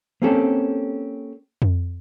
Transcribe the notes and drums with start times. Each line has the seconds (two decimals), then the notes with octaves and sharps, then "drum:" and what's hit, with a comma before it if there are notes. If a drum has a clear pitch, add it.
0.22 A#3 C4 C#4 G4 A4
1.62 drum: tom F2